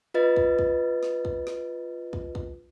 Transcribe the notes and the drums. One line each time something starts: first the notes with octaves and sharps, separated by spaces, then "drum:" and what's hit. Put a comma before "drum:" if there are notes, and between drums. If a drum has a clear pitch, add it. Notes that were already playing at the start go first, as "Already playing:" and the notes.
F4 B4 D#5 A6
drum: kick
drum: kick
drum: snare
drum: kick
drum: snare
drum: kick
drum: kick